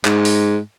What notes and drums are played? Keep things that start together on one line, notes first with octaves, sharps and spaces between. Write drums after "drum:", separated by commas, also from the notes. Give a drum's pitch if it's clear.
G#2, drum: clap
drum: open hi-hat